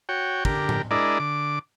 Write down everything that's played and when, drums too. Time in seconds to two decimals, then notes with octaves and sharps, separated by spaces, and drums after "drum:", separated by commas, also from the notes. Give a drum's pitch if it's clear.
0.09 F#4 C#5 G5
0.45 D3 G4 A#4, drum: kick
0.69 drum: tom A2
0.91 G#3 D4 E4 A#4 D5 D#5
1.20 D3 D6